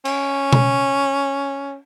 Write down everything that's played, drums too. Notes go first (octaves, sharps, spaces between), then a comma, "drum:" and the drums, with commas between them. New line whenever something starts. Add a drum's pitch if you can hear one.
C#4, drum: cymbal
drum: tom B2